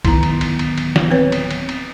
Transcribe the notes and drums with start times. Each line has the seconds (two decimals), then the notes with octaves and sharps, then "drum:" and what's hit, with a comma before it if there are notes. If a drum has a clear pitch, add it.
0.05 D1 D#3 B3 E4 A#5, drum: kick, cymbal
0.23 drum: cymbal
0.41 drum: cymbal
0.59 drum: cymbal
0.78 drum: cymbal
0.96 drum: snare
1.11 C4 B4 C#5
1.32 drum: cymbal
1.51 drum: cymbal
1.69 drum: cymbal